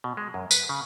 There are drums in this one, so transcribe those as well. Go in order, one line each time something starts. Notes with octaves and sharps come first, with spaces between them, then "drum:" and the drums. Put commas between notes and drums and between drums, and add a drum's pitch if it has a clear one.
B2
G#3
F#2
B4, drum: tambourine
C#3